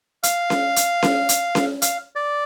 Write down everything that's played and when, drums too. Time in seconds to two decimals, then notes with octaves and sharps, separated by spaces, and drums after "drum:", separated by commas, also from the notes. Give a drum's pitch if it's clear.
0.23 F5, drum: hi-hat
0.50 drum: snare C#4
0.76 drum: hi-hat
1.03 drum: snare C#4
1.29 drum: hi-hat
1.55 drum: snare C#4
1.82 F5, drum: hi-hat
2.15 D5